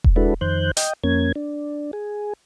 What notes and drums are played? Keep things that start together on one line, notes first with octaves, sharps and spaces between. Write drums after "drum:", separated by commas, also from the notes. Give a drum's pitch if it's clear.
drum: kick E1
G#3 D4 E4 F#4 A4 B4
F2 D#3 C5 F#6 G6
D#5 G5, drum: hi-hat
F2 A#3 C#4 G#6
D4
G#4